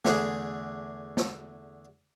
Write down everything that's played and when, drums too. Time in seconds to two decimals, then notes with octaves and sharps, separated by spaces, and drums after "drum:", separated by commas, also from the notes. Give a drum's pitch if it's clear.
0.05 E2 D3 A3 D4 G#4, drum: snare
1.17 drum: snare